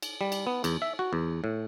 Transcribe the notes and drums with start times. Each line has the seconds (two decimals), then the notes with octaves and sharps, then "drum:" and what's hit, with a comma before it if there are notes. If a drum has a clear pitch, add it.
0.03 drum: cymbal
0.21 G3
0.32 drum: cymbal
0.47 B3
0.64 E2, drum: cymbal
0.82 E5
0.99 F#4
1.13 E2
1.44 A2